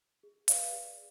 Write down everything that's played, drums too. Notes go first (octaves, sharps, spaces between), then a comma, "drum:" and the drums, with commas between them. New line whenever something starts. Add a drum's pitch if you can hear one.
G#4
B4 D5 F5, drum: hi-hat
G#4